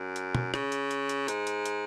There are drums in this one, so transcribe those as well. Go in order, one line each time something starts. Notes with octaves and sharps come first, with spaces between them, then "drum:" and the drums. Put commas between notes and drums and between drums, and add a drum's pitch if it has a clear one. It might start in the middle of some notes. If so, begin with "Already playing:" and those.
Already playing: F#2
drum: hi-hat
drum: tom
C#3, drum: rim click
drum: hi-hat
drum: hi-hat
drum: hi-hat
G#2, drum: hi-hat
drum: hi-hat
drum: hi-hat